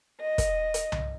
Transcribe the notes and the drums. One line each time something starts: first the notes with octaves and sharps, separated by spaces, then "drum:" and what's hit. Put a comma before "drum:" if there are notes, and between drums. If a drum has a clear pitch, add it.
D#5
drum: kick, hi-hat
drum: hi-hat
drum: tom C2